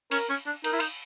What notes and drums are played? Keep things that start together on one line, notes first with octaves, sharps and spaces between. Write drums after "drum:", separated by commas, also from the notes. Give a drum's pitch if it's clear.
C#4 A#4, drum: cymbal
C#4
D4
D#4 A#4, drum: cymbal
E4
D#4, drum: cymbal